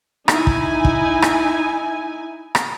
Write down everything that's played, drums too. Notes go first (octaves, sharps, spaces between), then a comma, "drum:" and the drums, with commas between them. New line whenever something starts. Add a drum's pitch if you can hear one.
D#4 E4 G#5, drum: rim click
drum: kick
drum: kick
drum: rim click
drum: rim click